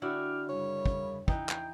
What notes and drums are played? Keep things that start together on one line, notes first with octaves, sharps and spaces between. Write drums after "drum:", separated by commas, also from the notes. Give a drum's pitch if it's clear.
D3 D4 E4 F#4 G5 D6 F6
F#2 C#3 G3 C#5
drum: kick
E3 D#4 G5, drum: kick
drum: clap